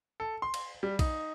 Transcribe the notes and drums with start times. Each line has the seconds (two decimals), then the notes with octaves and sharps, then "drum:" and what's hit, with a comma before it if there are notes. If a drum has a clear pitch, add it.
0.20 A4
0.42 C6
0.54 drum: cymbal
0.83 G3
0.99 D#4, drum: kick, cymbal